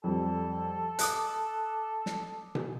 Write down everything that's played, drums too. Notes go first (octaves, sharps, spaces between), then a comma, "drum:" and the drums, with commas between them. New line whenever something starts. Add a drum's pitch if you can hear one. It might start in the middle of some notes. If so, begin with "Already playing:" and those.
F2 G3 A4
D6 D#6 F#6, drum: hi-hat
drum: snare
drum: tom B2